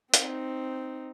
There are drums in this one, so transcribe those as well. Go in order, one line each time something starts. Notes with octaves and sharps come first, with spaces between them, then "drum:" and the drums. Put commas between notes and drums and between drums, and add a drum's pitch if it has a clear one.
C4 D#4, drum: hi-hat